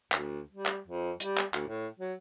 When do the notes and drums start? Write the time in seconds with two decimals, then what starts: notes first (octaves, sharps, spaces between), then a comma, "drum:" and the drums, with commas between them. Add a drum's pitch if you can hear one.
0.12 D2, drum: clap
0.52 G3
0.66 drum: clap
0.88 F2
1.20 G3, drum: hi-hat
1.38 drum: clap
1.54 D2, drum: clap
1.68 A2
1.99 F#3